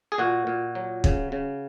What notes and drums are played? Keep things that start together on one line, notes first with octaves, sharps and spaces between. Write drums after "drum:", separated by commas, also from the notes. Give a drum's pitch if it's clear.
G#4
A#2 F#4
A#2
F#3
C#3, drum: kick
C#3